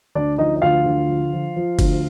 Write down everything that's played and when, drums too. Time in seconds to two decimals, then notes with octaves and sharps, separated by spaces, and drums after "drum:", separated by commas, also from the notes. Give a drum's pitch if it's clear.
0.15 D2 D4 D5
0.38 F3 D#4 D#5
0.56 D#5
0.62 D2 F4 F5
0.86 D3
1.08 F3
1.33 F3
1.56 F3
1.79 D2, drum: kick F#1, cymbal